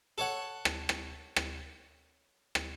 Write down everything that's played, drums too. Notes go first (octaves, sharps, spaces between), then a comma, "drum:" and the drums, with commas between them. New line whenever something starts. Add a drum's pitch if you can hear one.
A4 C#5 F#5
drum: rim click
drum: rim click
drum: rim click
drum: rim click